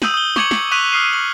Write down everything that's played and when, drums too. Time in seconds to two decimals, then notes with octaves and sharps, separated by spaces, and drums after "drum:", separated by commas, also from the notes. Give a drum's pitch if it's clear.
0.02 D#6 E6 G6 D#7 F#7, drum: snare
0.14 D#6 F#7 G7
0.36 C#6 D6 G#6 C#7 F#7, drum: snare
0.51 drum: snare
0.71 C#6 D#6 F#6 B6 D#7 F7
0.92 D6 D#6 F6 C7 D#7
1.13 C#6 F#7